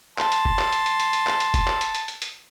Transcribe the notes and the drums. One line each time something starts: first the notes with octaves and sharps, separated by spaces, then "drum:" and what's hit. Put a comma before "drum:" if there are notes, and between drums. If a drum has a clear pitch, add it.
A5 C6, drum: clap
drum: hi-hat
drum: kick
drum: clap
drum: hi-hat
drum: hi-hat
drum: hi-hat
drum: hi-hat
drum: clap
drum: hi-hat
drum: kick, hi-hat
drum: clap
drum: hi-hat
drum: hi-hat
drum: hi-hat
drum: hi-hat